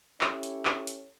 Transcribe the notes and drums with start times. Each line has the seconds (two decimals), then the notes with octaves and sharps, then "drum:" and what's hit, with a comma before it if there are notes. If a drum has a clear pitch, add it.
0.21 C#4 E4 G4 A4 C#5, drum: clap
0.43 drum: hi-hat
0.65 drum: clap
0.87 drum: hi-hat